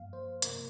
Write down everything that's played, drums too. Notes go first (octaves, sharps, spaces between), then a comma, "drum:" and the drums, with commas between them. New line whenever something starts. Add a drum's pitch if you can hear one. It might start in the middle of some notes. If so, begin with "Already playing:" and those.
Already playing: G2 F3 A#3 F5
C5
C3 F3 A#3 A#4, drum: hi-hat